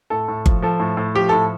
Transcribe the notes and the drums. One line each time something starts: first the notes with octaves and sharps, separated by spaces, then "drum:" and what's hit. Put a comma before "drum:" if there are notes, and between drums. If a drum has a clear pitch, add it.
A2 A4
A2
F3, drum: kick G1
F3 A4
A2
A2
F3 G4
A2 A4